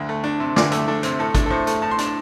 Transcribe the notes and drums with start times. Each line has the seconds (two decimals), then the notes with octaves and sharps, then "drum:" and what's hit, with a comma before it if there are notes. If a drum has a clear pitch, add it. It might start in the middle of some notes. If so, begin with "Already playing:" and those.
Already playing: D2 D3
0.09 A3
0.24 D4
0.40 C3
0.56 D2 D5, drum: snare
0.72 A3 E5, drum: hi-hat
0.88 D4 A4
1.03 C3 C5, drum: hi-hat
1.19 A2 A4
1.35 D4, drum: kick, hi-hat
1.46 A4
1.50 A2 C5
1.67 A3, drum: hi-hat
1.82 A2 A5
1.91 C6
1.98 D4 A5, drum: hi-hat